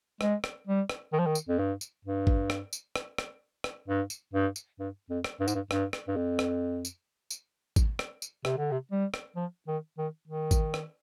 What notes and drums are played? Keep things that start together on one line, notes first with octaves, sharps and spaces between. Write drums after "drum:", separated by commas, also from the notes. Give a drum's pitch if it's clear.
G#3, drum: rim click
drum: rim click
G3
drum: rim click
D#3
F3
D#3
drum: tambourine
F2
G2
drum: tambourine
G2
drum: kick G#1
drum: rim click
drum: tambourine
drum: rim click
drum: rim click
drum: rim click
G2
drum: tambourine
G2
drum: tambourine
G2
F2
drum: rim click
G2
G#2, drum: tambourine
G2
G2, drum: rim click
drum: rim click
G2
F2
drum: rim click
drum: tambourine
drum: tambourine
drum: kick G#1, tambourine
drum: rim click
drum: tambourine
C3, drum: rim click
D3
C3
G3
drum: rim click
F3
D#3
D#3
D#3
drum: kick G#1, tambourine
drum: rim click